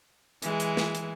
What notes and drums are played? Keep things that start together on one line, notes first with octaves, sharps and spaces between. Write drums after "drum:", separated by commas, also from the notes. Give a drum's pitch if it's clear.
E3 G#3, drum: hi-hat
drum: hi-hat
drum: snare
drum: hi-hat